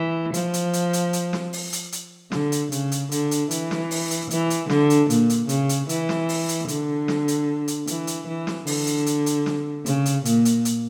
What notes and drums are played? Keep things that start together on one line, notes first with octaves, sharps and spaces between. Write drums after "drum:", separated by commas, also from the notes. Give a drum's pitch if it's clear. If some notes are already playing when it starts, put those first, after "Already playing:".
Already playing: E3
F3, drum: hi-hat
drum: hi-hat
drum: hi-hat
drum: hi-hat
drum: hi-hat
drum: snare
drum: open hi-hat
drum: hi-hat
drum: hi-hat
D3, drum: snare
drum: hi-hat
C#3, drum: hi-hat
drum: hi-hat
D3, drum: hi-hat
drum: hi-hat
E3, drum: hi-hat
drum: snare
drum: open hi-hat
drum: hi-hat
E3, drum: hi-hat
drum: hi-hat
D3, drum: snare
drum: hi-hat
A#2, drum: hi-hat
drum: hi-hat
C#3, drum: hi-hat
drum: hi-hat
E3, drum: hi-hat
drum: snare
drum: open hi-hat
drum: hi-hat
D3, drum: hi-hat
drum: snare
drum: hi-hat
drum: hi-hat
E3, drum: hi-hat
drum: hi-hat
E3
drum: snare
D3, drum: open hi-hat
drum: hi-hat
drum: hi-hat
drum: hi-hat
drum: snare
C#3, drum: hi-hat
drum: hi-hat
A#2, drum: hi-hat
drum: hi-hat
drum: hi-hat